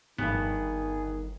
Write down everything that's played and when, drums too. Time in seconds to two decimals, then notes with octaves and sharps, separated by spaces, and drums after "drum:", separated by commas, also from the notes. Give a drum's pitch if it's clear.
0.18 G1 G2 D#3 B3 G#4, drum: tom G2